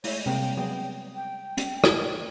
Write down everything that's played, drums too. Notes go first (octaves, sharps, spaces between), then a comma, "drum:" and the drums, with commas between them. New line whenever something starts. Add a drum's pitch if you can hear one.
G#3 A3 E4 C#5, drum: open hi-hat
C3 G3 G#3 A#3 C4 G5
F#3 B3 G#4
G5
drum: hi-hat
drum: rim click